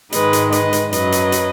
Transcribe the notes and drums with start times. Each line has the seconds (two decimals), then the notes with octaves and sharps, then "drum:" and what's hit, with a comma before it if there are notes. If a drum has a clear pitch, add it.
0.12 G#2 D#3 G#3 B4 D#5, drum: hi-hat
0.33 drum: hi-hat
0.52 B4 D#5, drum: hi-hat
0.73 drum: hi-hat
0.93 F#2 F#3 B4 D#5, drum: hi-hat
1.12 drum: hi-hat
1.32 drum: hi-hat